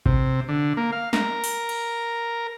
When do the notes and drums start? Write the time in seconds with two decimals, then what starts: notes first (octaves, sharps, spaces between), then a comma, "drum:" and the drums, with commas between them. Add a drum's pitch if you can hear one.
0.06 C3, drum: kick A1
0.48 D3
0.77 A#3
0.92 F5
1.13 A#4, drum: snare
1.44 drum: open hi-hat
1.69 drum: cymbal